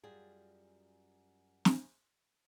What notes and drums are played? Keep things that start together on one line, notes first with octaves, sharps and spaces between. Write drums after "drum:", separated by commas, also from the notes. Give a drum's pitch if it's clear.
F#2 G3 F4 G#4
drum: snare